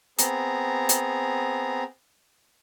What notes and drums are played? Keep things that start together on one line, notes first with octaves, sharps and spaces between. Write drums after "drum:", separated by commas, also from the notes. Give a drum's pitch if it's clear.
B3 C4 G#4 A#5, drum: hi-hat
drum: hi-hat